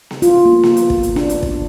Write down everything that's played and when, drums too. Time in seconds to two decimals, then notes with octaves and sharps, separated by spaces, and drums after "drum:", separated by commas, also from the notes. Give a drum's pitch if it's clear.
0.11 drum: snare B3
0.22 F4, drum: hi-hat
0.46 A#3
0.63 drum: snare B3
0.77 drum: hi-hat
0.90 drum: kick
1.03 drum: hi-hat
1.16 D4, drum: snare B3
1.29 drum: hi-hat
1.43 drum: kick